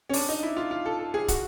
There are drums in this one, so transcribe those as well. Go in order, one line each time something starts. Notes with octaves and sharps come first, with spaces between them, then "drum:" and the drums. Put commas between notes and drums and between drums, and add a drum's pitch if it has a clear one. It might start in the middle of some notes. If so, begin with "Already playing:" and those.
C#4
D4, drum: open hi-hat
D#4
E4
F4
F4
A4
A4
G#4
F#4, drum: kick, hi-hat